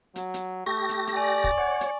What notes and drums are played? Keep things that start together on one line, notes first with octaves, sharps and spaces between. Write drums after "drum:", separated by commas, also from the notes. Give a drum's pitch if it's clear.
F#3, drum: hi-hat
drum: hi-hat
A3 G4 C#6 A#6
drum: hi-hat
drum: hi-hat
D5 G#5
drum: kick
C#5 F#5
drum: hi-hat